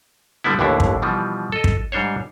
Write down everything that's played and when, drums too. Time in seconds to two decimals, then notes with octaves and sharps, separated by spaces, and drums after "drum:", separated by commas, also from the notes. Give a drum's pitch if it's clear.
0.44 D3 G3 G#3 B3 E4
0.59 A1 D#2 A2 D3 D4 E4
0.80 drum: kick
1.02 B2 E3 F3 G3
1.52 A4 D#5
1.64 drum: kick
1.92 G#2 G3 D4 C5 C#5